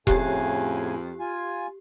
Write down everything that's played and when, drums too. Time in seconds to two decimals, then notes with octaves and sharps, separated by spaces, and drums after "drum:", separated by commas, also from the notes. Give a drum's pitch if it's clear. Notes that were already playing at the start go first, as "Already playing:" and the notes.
0.07 F2 A2 C#3 G4 G#5, drum: kick E1
1.20 F4 G#5